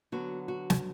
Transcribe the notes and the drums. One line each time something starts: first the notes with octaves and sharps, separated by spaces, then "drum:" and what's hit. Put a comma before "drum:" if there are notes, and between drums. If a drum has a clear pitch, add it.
D3 F#3 B3 F#4
F#4
drum: snare